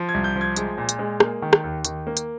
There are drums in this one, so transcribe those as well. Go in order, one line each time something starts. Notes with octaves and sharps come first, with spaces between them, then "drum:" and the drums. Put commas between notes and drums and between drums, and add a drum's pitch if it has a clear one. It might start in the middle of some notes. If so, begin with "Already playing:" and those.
Already playing: F3
G#6
C2
G6
F3
G#6
G#3, drum: hi-hat
A#2
drum: hi-hat
G#3
A#3, drum: rim click
D#3
drum: rim click
D#2
D#3, drum: hi-hat
A#3
drum: hi-hat